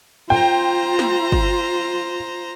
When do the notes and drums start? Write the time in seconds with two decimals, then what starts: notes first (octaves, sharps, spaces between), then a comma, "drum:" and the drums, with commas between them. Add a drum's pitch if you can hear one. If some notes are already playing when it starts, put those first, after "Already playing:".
0.30 F4 C5 G5 A#5
0.99 drum: snare
1.32 drum: kick